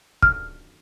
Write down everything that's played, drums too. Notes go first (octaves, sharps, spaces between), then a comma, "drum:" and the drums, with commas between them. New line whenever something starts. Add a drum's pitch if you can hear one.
F6, drum: kick